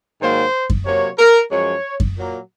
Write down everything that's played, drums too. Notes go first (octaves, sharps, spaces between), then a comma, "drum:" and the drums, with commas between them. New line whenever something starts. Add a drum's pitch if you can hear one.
G#2 D#3 F#3 A#3 C5
drum: kick F#2
C3 F#3 A#3 C#5
A#4
F#2 F3 G#3 C#5
drum: kick F#2
A#2 F#3 A#3